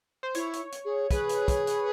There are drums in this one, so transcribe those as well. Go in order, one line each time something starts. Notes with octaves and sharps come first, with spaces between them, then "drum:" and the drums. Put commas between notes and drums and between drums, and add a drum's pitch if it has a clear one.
C5
E4 C#5, drum: hi-hat
drum: hi-hat
drum: hi-hat
G#4
G#4 B4, drum: kick, hi-hat
drum: hi-hat
drum: kick, hi-hat
drum: hi-hat